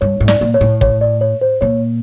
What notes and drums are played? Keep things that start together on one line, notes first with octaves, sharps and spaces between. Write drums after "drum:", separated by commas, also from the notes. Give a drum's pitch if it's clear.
G2 C#5
G#2
D5, drum: snare
A#2
C#5
A2
C#5, drum: kick
D5
C#5
C5
A#2 C#5